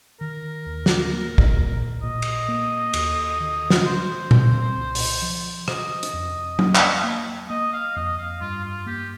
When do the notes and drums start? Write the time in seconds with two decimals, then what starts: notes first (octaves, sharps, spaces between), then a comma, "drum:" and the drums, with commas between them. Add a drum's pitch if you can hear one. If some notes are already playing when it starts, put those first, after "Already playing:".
0.21 D#3 A#4
0.66 D#2
0.86 drum: snare
1.12 A#3
1.38 drum: kick
1.57 A#2
2.02 A#2 D#5
2.22 drum: cymbal
2.48 A#3
2.94 D#2, drum: cymbal
3.40 D#3
3.70 F5, drum: snare
3.79 D#5
3.85 C3 C5
4.31 C4, drum: tom A#2
4.77 C2
4.95 drum: open hi-hat
5.22 F3
5.68 C3 D#5, drum: rim click
6.03 drum: hi-hat
6.13 F2
6.59 A#3, drum: tom F#3
6.75 drum: clap
7.04 A#3
7.49 A#3 D#5
7.73 F5
7.96 F2 D#5
8.18 F5
8.41 G2 F4
8.64 F4
8.86 A#3 G4